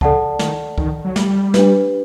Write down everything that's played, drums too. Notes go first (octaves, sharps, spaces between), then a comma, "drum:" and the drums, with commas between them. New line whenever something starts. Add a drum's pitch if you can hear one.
C#3 A4 D5 F#5 A5, drum: kick C#2
D#3, drum: snare
D#3, drum: kick C#2
F#3
G3, drum: snare
D4 G4 B4, drum: snare